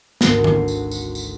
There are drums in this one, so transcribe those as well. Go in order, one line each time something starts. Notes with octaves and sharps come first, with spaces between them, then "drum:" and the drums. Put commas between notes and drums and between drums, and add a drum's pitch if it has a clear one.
G#1 D2 C7, drum: snare
drum: tom D3
drum: tambourine
drum: tambourine
drum: tambourine